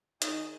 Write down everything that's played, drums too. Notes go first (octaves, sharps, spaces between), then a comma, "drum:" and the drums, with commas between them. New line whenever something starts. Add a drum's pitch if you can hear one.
D#3 D#4 G#4, drum: hi-hat